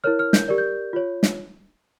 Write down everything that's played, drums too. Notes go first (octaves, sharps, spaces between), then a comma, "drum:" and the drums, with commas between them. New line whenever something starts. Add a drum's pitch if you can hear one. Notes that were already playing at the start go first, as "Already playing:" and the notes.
E4 A#4 C#5 F6
F6
G6, drum: snare
G4 A#4 D5
G6
F4 C#5
drum: snare